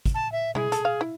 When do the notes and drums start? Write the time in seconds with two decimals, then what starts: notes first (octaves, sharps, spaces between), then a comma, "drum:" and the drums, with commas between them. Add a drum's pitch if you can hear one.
0.06 drum: kick, hi-hat
0.15 A5
0.32 E5
0.55 G#3 E4 G#4, drum: tom B2
0.72 A4, drum: hi-hat
0.85 F5
1.01 E4